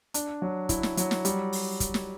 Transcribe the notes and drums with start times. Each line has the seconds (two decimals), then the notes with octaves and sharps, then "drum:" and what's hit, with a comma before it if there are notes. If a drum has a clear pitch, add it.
0.14 D4, drum: hi-hat
0.42 F#3
0.69 E4, drum: kick, hi-hat
0.83 drum: snare
0.97 F#3, drum: hi-hat
1.11 drum: snare
1.25 G3, drum: hi-hat
1.53 drum: open hi-hat
1.80 drum: kick, hi-hat
1.94 drum: snare